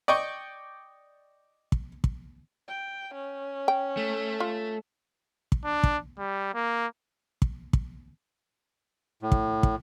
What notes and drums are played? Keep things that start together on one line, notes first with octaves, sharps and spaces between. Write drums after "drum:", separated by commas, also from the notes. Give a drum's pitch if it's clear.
D5 D#5 G5 C#6
drum: kick
drum: kick
G5
C#4
G5
A3
F4
drum: kick
D4
drum: kick
G3
A#3
drum: kick
drum: kick
A2
drum: kick
drum: kick